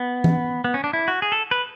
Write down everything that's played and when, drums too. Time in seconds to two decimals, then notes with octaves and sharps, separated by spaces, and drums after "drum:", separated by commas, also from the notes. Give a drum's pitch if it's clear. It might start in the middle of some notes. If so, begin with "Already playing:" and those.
Already playing: B3
0.24 drum: tom E3
0.64 B3
0.74 C#4
0.84 D4
0.93 E4
1.08 F#4
1.22 G#4
1.32 A4
1.51 B4